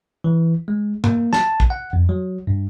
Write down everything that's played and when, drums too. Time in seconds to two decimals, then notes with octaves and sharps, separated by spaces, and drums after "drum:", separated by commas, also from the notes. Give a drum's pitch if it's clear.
0.24 E3
0.68 G#3
1.04 A#3, drum: tom G2
1.33 A5, drum: snare
1.60 drum: kick
1.70 F#5
1.93 F2
2.09 F#3
2.47 G2